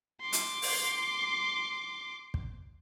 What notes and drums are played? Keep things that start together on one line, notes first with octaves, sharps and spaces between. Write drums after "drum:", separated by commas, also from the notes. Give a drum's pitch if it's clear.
C6 D6
drum: hi-hat
drum: open hi-hat
drum: kick